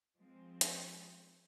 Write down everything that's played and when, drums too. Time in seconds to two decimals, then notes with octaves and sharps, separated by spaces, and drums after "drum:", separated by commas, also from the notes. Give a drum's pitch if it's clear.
0.18 F3 G#3 C4
0.61 drum: hi-hat